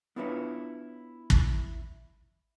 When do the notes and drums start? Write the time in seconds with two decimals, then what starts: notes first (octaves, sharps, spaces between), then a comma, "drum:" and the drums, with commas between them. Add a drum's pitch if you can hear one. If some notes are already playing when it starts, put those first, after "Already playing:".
0.16 B3 D4 E4 F4 B4 C#5
1.30 drum: kick